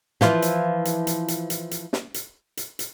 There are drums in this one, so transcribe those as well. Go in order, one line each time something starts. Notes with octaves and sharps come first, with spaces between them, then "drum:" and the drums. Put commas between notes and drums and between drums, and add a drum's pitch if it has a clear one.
E3 F3 F4, drum: snare
drum: hi-hat
drum: hi-hat
drum: hi-hat
drum: hi-hat
drum: hi-hat
drum: hi-hat
drum: snare
drum: hi-hat
drum: hi-hat
drum: hi-hat